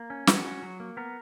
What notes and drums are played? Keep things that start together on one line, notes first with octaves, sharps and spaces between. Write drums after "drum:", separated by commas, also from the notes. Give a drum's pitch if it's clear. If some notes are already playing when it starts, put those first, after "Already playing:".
Already playing: A#3
C#4
G#3 F#4, drum: snare
C#4
F#3
A#3
B3 A#4